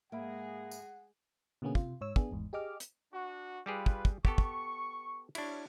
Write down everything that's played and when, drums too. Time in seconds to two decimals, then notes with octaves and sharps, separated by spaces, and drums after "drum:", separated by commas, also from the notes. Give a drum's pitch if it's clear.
0.12 G#2 G#3 A#3 G#4 E5 F#5 B5
0.71 drum: tambourine
1.62 B2 D3 A#3 B3 C#4 G#4
1.75 C3 F4, drum: kick
2.01 G#2 C#5 E6
2.16 B3 D4 G#4, drum: kick
2.31 G#1 E2 G#2
2.53 G4 G#4 D#5 D6 F6
2.80 drum: hi-hat
3.12 D4 F#4
3.66 G3 F4 G4 G#4 B4
3.86 drum: kick
4.05 drum: kick
4.25 B3 G4 A4 C#6, drum: kick
4.38 drum: kick
5.35 D4 E4 C#5, drum: cymbal